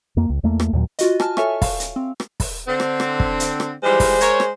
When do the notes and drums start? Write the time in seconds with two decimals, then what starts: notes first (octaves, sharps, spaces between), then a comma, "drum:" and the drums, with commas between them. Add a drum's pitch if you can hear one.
0.17 F2 A#3
0.29 C#2
0.43 E2 A3 A#3
0.60 drum: rim click
0.73 D#2 A#2 F#3
0.99 F4 F#4 D#5, drum: hi-hat
1.20 G#5 A5 F6, drum: rim click
1.37 A4 C#5 E5 G#5 C#6, drum: rim click
1.62 F5, drum: kick, open hi-hat
1.80 drum: hi-hat
1.96 C4
2.20 drum: rim click
2.40 drum: kick, open hi-hat
2.67 D3 C4
2.80 drum: rim click
3.00 drum: rim click
3.20 drum: kick
3.40 drum: hi-hat
3.60 drum: rim click
3.83 E3 F3 G3 G#3 C5
4.00 drum: kick, open hi-hat
4.20 A#4 C#5, drum: hi-hat
4.40 drum: rim click